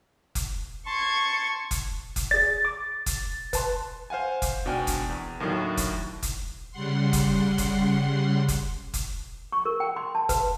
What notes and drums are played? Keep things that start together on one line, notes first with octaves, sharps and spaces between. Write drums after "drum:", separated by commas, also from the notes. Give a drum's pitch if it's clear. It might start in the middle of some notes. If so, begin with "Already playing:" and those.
drum: kick F1, hi-hat
A5 C6 C#6 G#6
drum: kick F1, hi-hat
drum: kick F1, hi-hat
G#4 D5 A6
D6
drum: kick F1, hi-hat
B4 A5 C6, drum: kick F1, hi-hat
C5 F5 F#5 G#5
drum: kick F1, hi-hat
G#1 B2 D4 G5 G#5 F6
drum: kick F1, hi-hat
E2
D#2 A2 D3 D#3 F#3
drum: kick F1, hi-hat
drum: kick F1, hi-hat
C#3 G3 F#5 C6
drum: kick F1, hi-hat
drum: kick F1, hi-hat
drum: kick F1, hi-hat
drum: kick F1, hi-hat
C#6
A#4
G5
C6
A5
B4, drum: kick F1, hi-hat